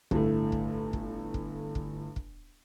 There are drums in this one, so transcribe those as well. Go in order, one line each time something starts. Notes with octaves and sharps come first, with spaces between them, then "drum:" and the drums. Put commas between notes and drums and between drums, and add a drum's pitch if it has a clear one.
G1 A2 A3, drum: kick
drum: kick
drum: kick
drum: kick
drum: kick
drum: kick